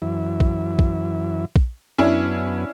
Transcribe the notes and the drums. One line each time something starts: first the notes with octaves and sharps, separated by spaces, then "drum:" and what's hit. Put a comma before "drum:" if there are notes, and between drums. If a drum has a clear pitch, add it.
F#2 E3 E4
drum: kick
drum: kick
drum: kick
F#2 B3 C#4 D4 E4